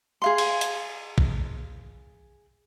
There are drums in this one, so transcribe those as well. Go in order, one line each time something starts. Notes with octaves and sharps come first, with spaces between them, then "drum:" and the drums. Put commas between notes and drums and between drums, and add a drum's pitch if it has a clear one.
G#4 F5 C6
drum: cymbal
drum: hi-hat
drum: kick A#1